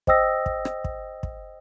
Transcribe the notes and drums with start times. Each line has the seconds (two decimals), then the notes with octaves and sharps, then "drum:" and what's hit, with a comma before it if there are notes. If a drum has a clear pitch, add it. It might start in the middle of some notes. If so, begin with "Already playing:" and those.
0.07 C5 D#5 G5 D#6 E6 A#6, drum: kick
0.46 drum: kick
0.65 drum: rim click
0.84 drum: kick
1.23 drum: kick